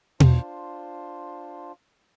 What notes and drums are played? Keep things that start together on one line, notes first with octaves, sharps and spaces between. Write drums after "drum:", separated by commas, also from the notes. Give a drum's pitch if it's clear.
D4 F4 C5, drum: tom B2